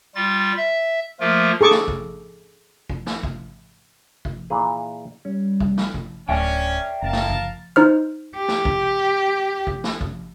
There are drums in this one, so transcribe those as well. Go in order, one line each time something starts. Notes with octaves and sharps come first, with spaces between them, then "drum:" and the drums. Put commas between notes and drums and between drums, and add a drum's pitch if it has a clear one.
G3 F4 A6
E5
F3 A3 A#3 F4 A#4
G#4 A4 C#6 D6
drum: snare
drum: kick G#1
drum: kick G#1
drum: snare
drum: kick G#1
drum: kick G#1
A#2 E3 G#4
G3 C#4
drum: kick G#1
drum: snare
drum: kick G#1
D1 C#4 D5 E5 G5
F#1 A#4 F5 A5
drum: snare
drum: kick G#1
D#4 C5 F6
G4
drum: snare
drum: kick G#1
drum: kick G#1
drum: snare
drum: kick G#1